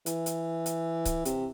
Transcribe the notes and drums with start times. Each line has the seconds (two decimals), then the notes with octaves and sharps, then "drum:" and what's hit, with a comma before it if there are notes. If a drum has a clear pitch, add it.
0.06 E3, drum: hi-hat
0.26 drum: hi-hat
0.66 drum: hi-hat
1.05 drum: kick C#1, hi-hat
1.25 C3, drum: hi-hat